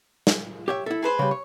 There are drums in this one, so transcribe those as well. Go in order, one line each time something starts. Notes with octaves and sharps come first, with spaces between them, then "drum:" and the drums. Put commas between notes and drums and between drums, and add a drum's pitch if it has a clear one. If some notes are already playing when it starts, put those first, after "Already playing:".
drum: snare
G4 C#5 E5
E4 A4 E5
G#4 B4 C5
C#3 G3
C#5